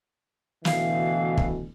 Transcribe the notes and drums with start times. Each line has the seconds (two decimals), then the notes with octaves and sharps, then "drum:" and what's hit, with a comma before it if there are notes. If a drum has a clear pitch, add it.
0.65 D2 B2 E3 F5, drum: snare
1.37 drum: kick